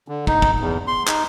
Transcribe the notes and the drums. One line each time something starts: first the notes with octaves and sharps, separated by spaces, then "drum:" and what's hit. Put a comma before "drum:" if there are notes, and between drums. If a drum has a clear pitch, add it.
D3
D#4, drum: kick
drum: kick
E2
C6
D#4, drum: clap